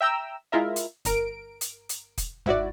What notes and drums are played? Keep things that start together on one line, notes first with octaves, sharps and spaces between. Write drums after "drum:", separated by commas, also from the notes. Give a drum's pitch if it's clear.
E5 G5 A#5 E6
G#3 E4 F4 A#4 E5
drum: hi-hat
G1 A#4 D7, drum: kick, hi-hat
drum: hi-hat
drum: hi-hat
drum: kick, hi-hat
G#2 E4 F#4 D5, drum: tom